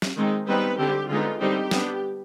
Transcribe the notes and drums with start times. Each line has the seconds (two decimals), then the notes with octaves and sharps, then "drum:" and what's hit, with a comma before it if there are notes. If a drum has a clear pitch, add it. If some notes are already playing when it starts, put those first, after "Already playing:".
0.02 drum: snare
0.16 D#3 G#3 C4 D#4
0.47 G3 B3 C4 D#4 B4
0.78 D3 G3 C4 G4
1.09 D3 G#3 B3 D#4 F4
1.40 D3 G3 C4 D#4 G4
1.71 G3 B3 D4, drum: snare